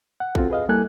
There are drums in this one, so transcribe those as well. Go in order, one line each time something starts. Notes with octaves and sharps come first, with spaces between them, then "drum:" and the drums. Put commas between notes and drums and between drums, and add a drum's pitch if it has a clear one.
F#5
C4 F4 F#4 A4, drum: kick A#1
G#4 B4 D#5 F5
G3 A#3 E4 A4 G#5 F#6